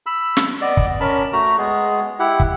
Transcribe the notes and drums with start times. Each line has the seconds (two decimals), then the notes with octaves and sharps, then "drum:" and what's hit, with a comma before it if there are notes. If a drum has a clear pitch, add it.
0.06 B5 E6
0.37 drum: snare
0.62 B3 D5 D#5
0.77 drum: kick
1.00 C#4 A#4 A5 B5
1.33 A3 F#4 A#5
1.58 G#3 B3 G#4
2.19 E4 G4 F#5
2.40 drum: kick